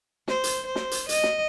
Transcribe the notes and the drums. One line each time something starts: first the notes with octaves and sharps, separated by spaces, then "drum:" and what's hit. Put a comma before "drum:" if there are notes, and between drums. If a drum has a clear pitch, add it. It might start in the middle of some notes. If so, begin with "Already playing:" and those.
C5, drum: snare
drum: hi-hat
C5
drum: snare
drum: hi-hat
D#5, drum: hi-hat
drum: snare